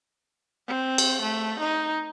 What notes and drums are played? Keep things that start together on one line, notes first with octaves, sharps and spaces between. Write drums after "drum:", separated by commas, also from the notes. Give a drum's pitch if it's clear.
C4
drum: cymbal
A3
D#4